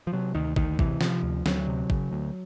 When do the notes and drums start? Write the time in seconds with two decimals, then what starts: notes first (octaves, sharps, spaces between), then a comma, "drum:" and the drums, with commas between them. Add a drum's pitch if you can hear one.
0.07 F3
0.13 C3 F#3
0.35 D2 D#3
0.56 D2 D#3, drum: kick
0.79 C3 E3, drum: kick
1.01 C3 F3, drum: snare
1.23 D2
1.46 D2 F#3, drum: snare
1.67 C3
1.90 C#3, drum: kick
2.12 D2